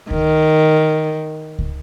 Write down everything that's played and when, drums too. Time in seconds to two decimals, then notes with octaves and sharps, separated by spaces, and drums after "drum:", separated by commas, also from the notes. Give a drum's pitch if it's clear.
0.11 D#3, drum: kick C#2
1.59 drum: kick C#2